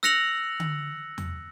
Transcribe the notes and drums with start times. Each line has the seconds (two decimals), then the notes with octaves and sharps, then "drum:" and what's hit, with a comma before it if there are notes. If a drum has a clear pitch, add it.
0.03 E6 F#6 A#6 C#7 F7 F#7, drum: snare
0.60 drum: tom D3
1.18 drum: tom E2